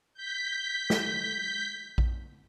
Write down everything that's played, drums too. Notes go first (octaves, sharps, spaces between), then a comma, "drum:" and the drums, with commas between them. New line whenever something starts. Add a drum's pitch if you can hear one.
G6 B6
drum: snare
drum: kick A#1